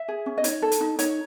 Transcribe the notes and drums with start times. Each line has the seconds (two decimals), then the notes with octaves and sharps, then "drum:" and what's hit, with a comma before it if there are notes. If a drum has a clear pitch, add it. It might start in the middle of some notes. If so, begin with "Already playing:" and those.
Already playing: E5
0.08 G#4
0.26 C#4
0.38 D#5
0.44 D#4 C#5, drum: hi-hat
0.62 A4
0.72 drum: hi-hat
0.81 D#4
0.99 D#4 C#5, drum: hi-hat